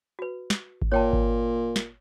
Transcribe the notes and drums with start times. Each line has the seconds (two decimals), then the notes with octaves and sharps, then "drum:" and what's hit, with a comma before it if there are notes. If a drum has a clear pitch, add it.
0.19 F#4 B4
0.50 drum: snare
0.82 drum: kick G#1
0.92 A#2 C#5 G5 A5
1.13 drum: kick G#1
1.76 drum: snare